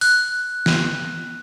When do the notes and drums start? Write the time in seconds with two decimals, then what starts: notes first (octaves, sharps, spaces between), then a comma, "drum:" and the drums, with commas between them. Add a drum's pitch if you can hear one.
0.01 F#6, drum: open hi-hat
0.66 drum: snare